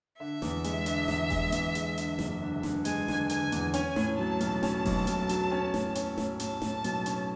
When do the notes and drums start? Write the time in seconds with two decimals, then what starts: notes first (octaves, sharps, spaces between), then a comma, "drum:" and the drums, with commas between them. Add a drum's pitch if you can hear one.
0.19 D3 E5
0.42 E2, drum: snare
0.64 G#3, drum: hi-hat
0.86 D3, drum: hi-hat
1.08 E2, drum: snare
1.30 G#3, drum: kick F1, open hi-hat
1.52 E2, drum: hi-hat
1.75 G#3, drum: hi-hat
1.98 D3, drum: hi-hat
2.19 F#1, drum: snare
2.41 D3
2.63 D3, drum: snare
2.85 G#3 G#5, drum: hi-hat
3.08 D3, drum: snare
3.30 D3 G#5, drum: hi-hat
3.52 E2, drum: hi-hat
3.74 C#4 G#5, drum: hi-hat
3.96 A2, drum: snare
4.18 F#3 A5
4.41 B1, drum: hi-hat
4.63 C#4, drum: snare
4.85 B1, drum: kick F1, open hi-hat
5.07 B1, drum: hi-hat
5.29 F#3, drum: hi-hat
5.51 C#4
5.74 A2, drum: snare
5.95 C#4, drum: hi-hat
6.18 A2, drum: snare
6.40 A2 A5, drum: hi-hat
6.62 A2, drum: snare
6.84 B1, drum: hi-hat
7.06 C#4, drum: hi-hat